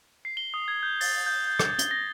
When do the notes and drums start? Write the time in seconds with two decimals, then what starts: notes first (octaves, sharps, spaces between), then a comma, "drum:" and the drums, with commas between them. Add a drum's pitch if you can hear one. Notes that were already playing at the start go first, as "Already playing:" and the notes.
0.25 C7
0.37 G7
0.54 D#6
0.68 G#6
0.83 G6
1.01 A6, drum: open hi-hat
1.26 G6
1.47 G6
1.59 G6, drum: rim click
1.79 G7, drum: hi-hat
1.91 A#6